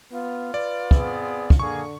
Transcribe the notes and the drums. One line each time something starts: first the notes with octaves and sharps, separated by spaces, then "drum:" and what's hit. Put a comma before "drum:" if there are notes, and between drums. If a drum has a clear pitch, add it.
B3 F4
B4 D5
B3 C4 G#4, drum: kick
drum: kick
D3 A#3 G#4 C#6